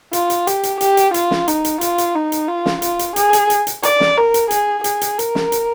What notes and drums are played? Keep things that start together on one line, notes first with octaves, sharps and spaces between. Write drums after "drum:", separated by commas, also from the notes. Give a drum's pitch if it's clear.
F4, drum: hi-hat
drum: hi-hat
G4, drum: hi-hat
drum: hi-hat
G4, drum: hi-hat
drum: hi-hat
F4, drum: hi-hat
drum: snare
D#4, drum: hi-hat
drum: hi-hat
F4, drum: hi-hat
drum: hi-hat
D#4
drum: hi-hat
F4
drum: snare
F4, drum: hi-hat
drum: hi-hat
G#4, drum: hi-hat
drum: hi-hat
drum: hi-hat
drum: hi-hat
D5, drum: hi-hat
drum: snare
A#4
drum: hi-hat
G#4, drum: hi-hat
G#4, drum: hi-hat
drum: hi-hat
A#4, drum: hi-hat
drum: snare
drum: hi-hat